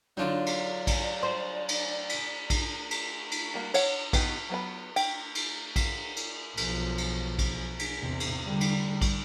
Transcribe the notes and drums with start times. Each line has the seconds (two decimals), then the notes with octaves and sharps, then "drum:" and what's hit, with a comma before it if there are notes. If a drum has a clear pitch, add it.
0.17 D3 F#3 D4 D#4 F4 D5
0.46 drum: cymbal
0.87 drum: kick A#1, cymbal
1.23 C5
1.69 drum: cymbal
2.09 drum: cymbal
2.50 drum: kick A#1, cymbal
2.91 drum: cymbal
3.31 drum: cymbal
3.54 G3 A#3 F#4
3.74 C#5 F#5, drum: cymbal
4.13 B3 D#4 G4, drum: kick A#1, cymbal
4.49 F#3 B3 B5
4.96 G5, drum: cymbal
5.35 drum: cymbal
5.76 drum: kick A#1, cymbal
6.16 drum: cymbal
6.57 B1 F3, drum: cymbal
6.98 drum: cymbal
7.39 drum: kick A#1, cymbal
7.79 drum: cymbal
7.99 E2 C3
8.20 drum: cymbal
8.44 D3 G3
8.61 drum: cymbal
9.01 drum: kick A#1, cymbal